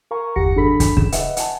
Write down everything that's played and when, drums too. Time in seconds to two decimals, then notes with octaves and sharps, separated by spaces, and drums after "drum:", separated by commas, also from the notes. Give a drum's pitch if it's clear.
0.11 A#4 F5 G#5 A#5 C#6
0.36 G1 E2 G4 F#5 A#6 C#7
0.56 G#1 D4 G#4 A4 B5 B6
0.80 drum: kick, hi-hat
0.97 C#3 C#4 G#4 E7, drum: kick
1.12 B4 D#5 E5 F#5, drum: hi-hat
1.37 F#5 G#5 A5, drum: hi-hat